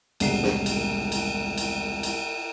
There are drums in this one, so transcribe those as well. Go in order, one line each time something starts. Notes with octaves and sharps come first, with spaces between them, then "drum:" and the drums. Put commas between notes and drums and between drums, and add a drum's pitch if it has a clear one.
E1 C2 A2 C#3 F#5 C7, drum: cymbal
drum: snare
drum: cymbal
drum: cymbal
drum: cymbal
drum: cymbal